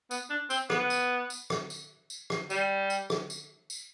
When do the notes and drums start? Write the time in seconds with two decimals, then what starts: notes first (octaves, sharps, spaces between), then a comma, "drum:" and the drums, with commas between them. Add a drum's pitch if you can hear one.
0.11 B3, drum: tambourine
0.30 D4
0.50 C4, drum: tambourine
0.70 B3, drum: rim click
0.90 drum: tambourine
1.30 drum: tambourine
1.50 drum: rim click
1.70 drum: tambourine
2.10 drum: tambourine
2.30 drum: rim click
2.50 G3, drum: tambourine
2.90 drum: tambourine
3.10 drum: rim click
3.30 drum: tambourine
3.70 drum: tambourine